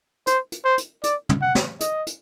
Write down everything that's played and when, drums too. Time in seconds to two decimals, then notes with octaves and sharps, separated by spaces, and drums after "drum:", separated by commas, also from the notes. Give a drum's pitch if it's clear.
0.27 C5, drum: hi-hat
0.52 drum: hi-hat
0.65 C5
0.78 drum: hi-hat
1.03 D5, drum: hi-hat
1.29 drum: tom
1.42 F#5
1.55 drum: snare
1.80 D#5, drum: hi-hat
2.07 drum: hi-hat